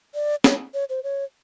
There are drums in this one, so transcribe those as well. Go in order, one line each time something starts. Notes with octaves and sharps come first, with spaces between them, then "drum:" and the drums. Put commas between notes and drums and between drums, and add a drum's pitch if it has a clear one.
D5
C#5, drum: snare
C#5
C5
C#5